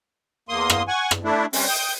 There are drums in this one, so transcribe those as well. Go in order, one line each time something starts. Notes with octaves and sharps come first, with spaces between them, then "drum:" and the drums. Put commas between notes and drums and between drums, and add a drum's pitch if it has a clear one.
E2 A#3 C6 D#6
drum: rim click
F#5 G#5 C#6
drum: rim click
A3 D4 E4
G3 C4 C#4, drum: open hi-hat
G5 D#6 G6